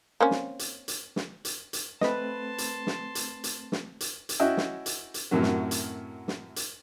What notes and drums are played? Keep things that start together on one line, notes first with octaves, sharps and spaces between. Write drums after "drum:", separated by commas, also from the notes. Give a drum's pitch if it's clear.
A#3 C4 C#4
drum: snare
drum: hi-hat
drum: hi-hat
drum: snare
drum: hi-hat
drum: hi-hat
A3 C4 B4 D#5 A5 B5 C6, drum: snare
drum: hi-hat
drum: snare
drum: hi-hat
drum: hi-hat
drum: snare
drum: hi-hat
drum: hi-hat
C#4 E4 F#4 D#5 E5 G5
drum: snare
drum: hi-hat
drum: hi-hat
F#2 A2 C3 D#3 F#3
drum: snare
drum: hi-hat
drum: snare
drum: hi-hat